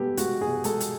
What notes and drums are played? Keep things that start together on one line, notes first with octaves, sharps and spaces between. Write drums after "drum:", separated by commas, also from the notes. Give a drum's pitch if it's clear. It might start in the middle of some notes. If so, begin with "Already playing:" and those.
Already playing: G#3 B3 G4 A4
G#3 F#4, drum: hi-hat
B2 G#4
G#3 A4, drum: hi-hat
drum: hi-hat